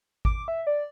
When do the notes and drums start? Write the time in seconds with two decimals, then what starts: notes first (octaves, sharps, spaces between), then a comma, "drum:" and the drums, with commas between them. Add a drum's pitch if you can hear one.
0.25 D6, drum: kick G#1
0.48 E5
0.67 D5